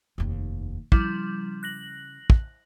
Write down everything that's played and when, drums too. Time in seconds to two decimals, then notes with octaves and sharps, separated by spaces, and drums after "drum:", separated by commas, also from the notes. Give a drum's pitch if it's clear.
0.18 F1 D#2
0.92 C#3 F3 G3 E4, drum: kick
1.63 F#6 A#6 F#7
2.30 drum: kick